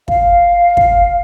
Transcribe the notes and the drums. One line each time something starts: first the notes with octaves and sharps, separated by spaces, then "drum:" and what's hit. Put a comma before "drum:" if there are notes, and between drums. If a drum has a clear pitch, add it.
F5, drum: kick
drum: kick